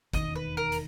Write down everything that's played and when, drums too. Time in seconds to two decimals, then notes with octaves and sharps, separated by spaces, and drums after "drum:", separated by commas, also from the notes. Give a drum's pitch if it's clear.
0.13 E1 D#2 D#3 D#5, drum: kick, hi-hat
0.36 B4
0.57 A#4
0.72 drum: hi-hat